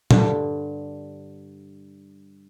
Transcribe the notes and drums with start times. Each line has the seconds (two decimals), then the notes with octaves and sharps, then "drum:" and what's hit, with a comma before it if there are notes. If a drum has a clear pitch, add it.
0.11 G2 D3, drum: tom A#2